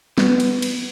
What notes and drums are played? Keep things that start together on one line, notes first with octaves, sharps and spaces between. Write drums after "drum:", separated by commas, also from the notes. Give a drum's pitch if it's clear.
B3, drum: snare
drum: cymbal
drum: cymbal